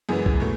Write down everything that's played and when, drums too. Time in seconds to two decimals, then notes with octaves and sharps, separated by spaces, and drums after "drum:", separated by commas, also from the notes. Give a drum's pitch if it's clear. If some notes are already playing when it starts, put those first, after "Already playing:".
0.09 F#2 E3 G#3 B3 G#4
0.26 drum: kick B1
0.40 B2 A3